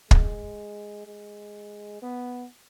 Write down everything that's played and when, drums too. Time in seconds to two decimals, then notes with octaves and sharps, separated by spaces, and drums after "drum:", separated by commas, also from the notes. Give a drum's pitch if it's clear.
0.11 G#3, drum: kick
1.07 G#3
2.02 B3